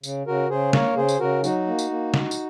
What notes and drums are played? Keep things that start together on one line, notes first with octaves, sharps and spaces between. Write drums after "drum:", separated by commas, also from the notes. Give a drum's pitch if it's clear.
C#3, drum: tambourine
C#3 F#4 A#4
C#3 G#4 C5
A#3 A#4 C#5, drum: snare
C#3 G#4 C5
drum: tambourine
C#3 F#4 A#4
F#3 D#4 F#4, drum: tambourine
A#3
drum: tambourine
A#3
drum: snare
drum: tambourine